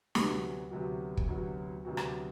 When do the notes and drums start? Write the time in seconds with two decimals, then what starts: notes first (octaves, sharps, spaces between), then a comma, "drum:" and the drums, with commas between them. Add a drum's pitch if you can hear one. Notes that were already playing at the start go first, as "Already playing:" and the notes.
0.15 D2 C3 F#3 B3 F#4, drum: snare
0.71 D2 C3 F#3 B3 F#4
1.17 drum: kick
1.27 D2 C3 F#3 B3 F#4
1.85 D2 C3 F#3 B3 F#4
1.97 drum: rim click